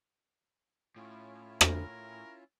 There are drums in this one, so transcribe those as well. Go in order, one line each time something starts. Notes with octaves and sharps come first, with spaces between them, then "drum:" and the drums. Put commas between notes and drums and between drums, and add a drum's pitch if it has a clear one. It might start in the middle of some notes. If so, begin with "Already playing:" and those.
A2 C#4 E4 F4
A#4, drum: rim click